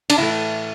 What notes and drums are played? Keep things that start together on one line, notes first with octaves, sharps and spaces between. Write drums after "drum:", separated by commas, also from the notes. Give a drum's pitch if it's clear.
D4, drum: cymbal
A2 E3 A3 E4